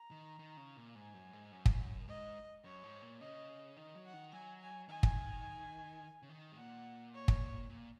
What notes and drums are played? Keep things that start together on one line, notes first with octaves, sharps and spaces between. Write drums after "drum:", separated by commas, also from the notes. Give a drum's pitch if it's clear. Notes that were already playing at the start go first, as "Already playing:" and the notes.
Already playing: A#5
D#3
D#3
C#3
A#2
G#2 G#5
F#2
G#2
F#2
drum: kick
G#2 D#5
F#2 C#5
G#2
A#2
C#3 D#5
D#3 D#5
F#3
F#5
D#3
F#3 G#5
G#5
D#3 G#5
drum: kick
C#3
D#3
G#2
A#2 F#5
C#5
drum: kick
A#2